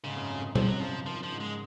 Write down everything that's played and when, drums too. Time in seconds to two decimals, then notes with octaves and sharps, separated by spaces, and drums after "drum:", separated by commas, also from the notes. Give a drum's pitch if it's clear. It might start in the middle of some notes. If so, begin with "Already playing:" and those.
0.04 G#2 C#3
0.17 F#2
0.29 F2
0.42 F#2
0.56 G#2 F3, drum: tom B2
0.67 C3 F#3
0.80 C#3 F3
0.93 C#3
1.06 D#3 F3
1.20 C#3 F3
1.32 G#2
1.40 G#3